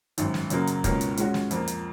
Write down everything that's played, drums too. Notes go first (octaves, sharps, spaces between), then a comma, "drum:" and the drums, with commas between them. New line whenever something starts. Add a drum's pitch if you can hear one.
G#1 F#2 D#3, drum: hi-hat
drum: snare
F#2 C#3 F#3 A#3, drum: hi-hat
drum: hi-hat
C#2 B2 A#3 C#4, drum: kick, hi-hat
drum: hi-hat
A#2 G#3 C#4 F#4, drum: hi-hat
drum: snare
F2 F3 A#3, drum: hi-hat
drum: hi-hat